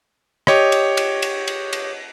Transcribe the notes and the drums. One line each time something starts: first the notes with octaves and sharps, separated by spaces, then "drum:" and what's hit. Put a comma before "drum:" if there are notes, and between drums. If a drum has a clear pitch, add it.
G4 C#5 D#5, drum: rim click
drum: cymbal
drum: cymbal
drum: cymbal
drum: cymbal
drum: cymbal